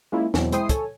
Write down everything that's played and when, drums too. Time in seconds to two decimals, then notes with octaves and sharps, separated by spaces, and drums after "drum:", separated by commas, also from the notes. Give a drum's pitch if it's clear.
0.12 G#3 A#3 C#4 E4 F4
0.34 E2 B2 E3 F#3 C4, drum: snare
0.52 G#3 E4 C5 G5 D#6 C7, drum: hi-hat
0.69 A4 C#5 G#5, drum: kick, hi-hat